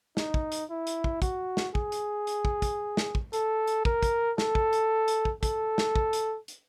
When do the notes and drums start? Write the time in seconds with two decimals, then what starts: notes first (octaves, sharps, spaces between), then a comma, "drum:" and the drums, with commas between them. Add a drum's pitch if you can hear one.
0.17 D#4, drum: snare
0.34 drum: kick
0.52 drum: hi-hat
0.70 E4
0.87 drum: hi-hat
1.04 drum: kick
1.22 F#4, drum: kick, hi-hat
1.57 drum: snare
1.75 G#4, drum: kick
1.92 drum: hi-hat
2.27 drum: hi-hat
2.45 drum: kick
2.62 drum: kick, hi-hat
2.97 drum: snare
3.15 drum: kick
3.33 A4, drum: hi-hat
3.67 drum: hi-hat
3.85 A#4, drum: kick
4.03 drum: kick, hi-hat
4.38 A4, drum: snare
4.55 drum: kick
4.73 drum: hi-hat
5.08 drum: hi-hat
5.25 drum: kick
5.43 A4, drum: kick, hi-hat
5.78 drum: snare
5.96 drum: kick
6.13 drum: hi-hat
6.48 drum: hi-hat